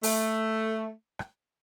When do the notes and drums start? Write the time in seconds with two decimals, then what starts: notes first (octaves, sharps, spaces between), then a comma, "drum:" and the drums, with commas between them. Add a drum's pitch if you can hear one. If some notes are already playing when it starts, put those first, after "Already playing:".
0.03 A3, drum: open hi-hat
1.19 drum: rim click